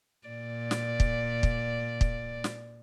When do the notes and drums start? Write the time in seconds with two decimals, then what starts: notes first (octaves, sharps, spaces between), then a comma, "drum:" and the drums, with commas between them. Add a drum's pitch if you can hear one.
0.27 A#2 D5
0.71 drum: snare
1.00 drum: kick
1.43 drum: kick
2.01 drum: kick
2.44 drum: snare